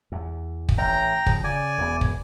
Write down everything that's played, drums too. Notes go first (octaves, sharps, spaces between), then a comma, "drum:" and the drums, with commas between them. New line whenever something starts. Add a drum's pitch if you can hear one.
E2
drum: kick
A1 G5 A#5
C#3 F3, drum: kick
C#3 D5 G#5
E1 E2 B3
drum: kick